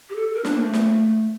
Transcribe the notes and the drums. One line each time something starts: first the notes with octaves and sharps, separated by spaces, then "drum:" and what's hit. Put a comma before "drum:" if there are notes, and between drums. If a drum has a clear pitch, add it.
G4
A4
A#4
D4, drum: snare
A#3
A3
drum: snare